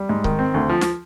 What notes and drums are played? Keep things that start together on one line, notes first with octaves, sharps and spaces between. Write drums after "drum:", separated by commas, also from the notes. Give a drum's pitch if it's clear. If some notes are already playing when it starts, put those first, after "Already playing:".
Already playing: G3
G#2
D#3, drum: kick C#1
C4
D2
F3
drum: snare